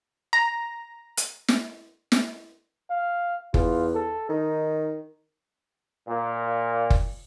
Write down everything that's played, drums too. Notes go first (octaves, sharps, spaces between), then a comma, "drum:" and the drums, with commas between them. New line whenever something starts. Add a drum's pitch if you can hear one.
A#5
drum: hi-hat
drum: snare
drum: snare
F5
E2 F4, drum: kick F#1
A4
D#3 D#4
A#2
drum: kick F#1